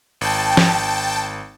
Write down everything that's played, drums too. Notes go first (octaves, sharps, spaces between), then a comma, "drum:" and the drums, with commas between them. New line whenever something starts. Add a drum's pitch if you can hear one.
G#1 G5 A5
drum: snare